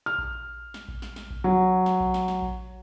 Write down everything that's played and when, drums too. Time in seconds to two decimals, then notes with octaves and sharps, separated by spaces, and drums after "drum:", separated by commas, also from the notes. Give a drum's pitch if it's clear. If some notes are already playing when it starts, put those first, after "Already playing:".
0.06 F6
0.18 drum: kick A#1
0.74 drum: snare
0.88 drum: kick A#1
1.02 drum: snare
1.16 drum: snare
1.30 drum: kick A#1
1.44 F#3
1.86 drum: snare
2.00 drum: kick A#1
2.14 drum: snare
2.28 drum: snare
2.42 drum: kick A#1